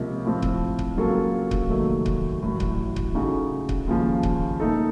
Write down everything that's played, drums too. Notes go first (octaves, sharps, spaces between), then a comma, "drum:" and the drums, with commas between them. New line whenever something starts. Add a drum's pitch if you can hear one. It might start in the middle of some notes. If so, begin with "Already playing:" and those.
Already playing: C#2 C3 F3 A#3
A2 F3 C4
drum: kick C#1
drum: kick C#1
C#3 F#3 A#3 F4 A4
drum: kick C#1
F1 D#2 D#3 F#3 A3
drum: kick C#1
A1 A2 F#3
drum: kick C#1
drum: kick C#1
C#3 A3 D#4 F#4 A4
drum: kick C#1
D#2 C#3 F3
drum: kick C#1
A#2 A3 D#4 A4